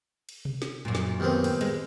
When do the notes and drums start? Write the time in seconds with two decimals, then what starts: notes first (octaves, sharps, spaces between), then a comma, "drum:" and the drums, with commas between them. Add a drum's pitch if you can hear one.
0.29 drum: cymbal
0.45 drum: tom B2
0.62 drum: snare
0.85 F#2 A#2
0.95 drum: snare
1.20 D#2 B3 C4
1.44 drum: cymbal
1.61 G#3, drum: cymbal